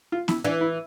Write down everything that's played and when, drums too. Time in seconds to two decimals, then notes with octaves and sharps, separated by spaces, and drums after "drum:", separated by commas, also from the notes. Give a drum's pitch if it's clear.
0.12 F4
0.28 E4, drum: snare B3
0.45 E3 D4
0.61 E4